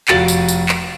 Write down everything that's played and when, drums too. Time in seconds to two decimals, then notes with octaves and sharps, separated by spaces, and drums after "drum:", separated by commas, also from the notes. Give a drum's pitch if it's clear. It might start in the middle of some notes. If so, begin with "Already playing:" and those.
0.08 F1 F4 F#4 A6 F#7, drum: clap
0.28 drum: tambourine
0.48 drum: tambourine
0.69 drum: clap